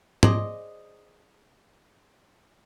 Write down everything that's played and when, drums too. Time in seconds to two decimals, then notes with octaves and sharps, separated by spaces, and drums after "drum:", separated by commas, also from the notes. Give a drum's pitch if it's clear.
0.23 G#4 C5 D5 D#5, drum: tom G#2